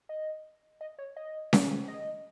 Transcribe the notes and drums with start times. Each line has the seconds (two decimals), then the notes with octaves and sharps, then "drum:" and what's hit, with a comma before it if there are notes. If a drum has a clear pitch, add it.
0.09 D#5
0.81 D#5
0.99 C#5
1.17 D#5
1.53 drum: snare C#4
1.88 D#5